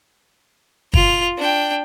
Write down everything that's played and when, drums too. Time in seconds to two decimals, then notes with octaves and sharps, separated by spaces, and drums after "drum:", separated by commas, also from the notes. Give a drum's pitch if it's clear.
0.94 F4 F7, drum: kick
1.38 D4 G5